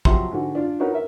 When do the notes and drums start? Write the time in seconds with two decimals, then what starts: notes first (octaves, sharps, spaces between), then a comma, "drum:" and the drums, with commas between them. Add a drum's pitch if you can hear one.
0.05 C3 F3 F#3 G4 C6, drum: kick
0.31 G#2 D3 F#4
0.55 D4 F4
0.80 C#4 D#4 F#4 A#4 B4
0.93 A#4 E5